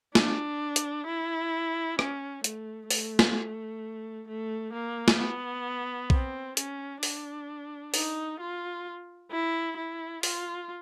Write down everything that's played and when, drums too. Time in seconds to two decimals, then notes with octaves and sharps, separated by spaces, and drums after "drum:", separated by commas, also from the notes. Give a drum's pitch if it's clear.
0.15 D4, drum: snare
0.76 drum: hi-hat
1.07 E4
1.99 C#4, drum: rim click
2.44 A3, drum: hi-hat
2.91 A3, drum: open hi-hat
3.19 drum: snare
4.28 A3
4.73 A#3
5.08 drum: snare
5.19 B3
6.10 C4, drum: kick
6.57 C#4, drum: hi-hat
7.03 D4, drum: open hi-hat
7.94 D#4, drum: open hi-hat
8.40 F4
9.31 E4
9.77 E4
10.23 F4, drum: open hi-hat